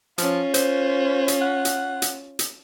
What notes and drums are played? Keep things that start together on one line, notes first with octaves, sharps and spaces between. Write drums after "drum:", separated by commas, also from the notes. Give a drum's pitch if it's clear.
F3 C#4 F4, drum: hi-hat
C5, drum: hi-hat
drum: hi-hat
F#5
drum: hi-hat
drum: hi-hat
drum: hi-hat